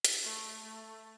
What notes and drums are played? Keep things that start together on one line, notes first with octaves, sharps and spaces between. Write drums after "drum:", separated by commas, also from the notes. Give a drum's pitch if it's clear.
drum: hi-hat
A3
A3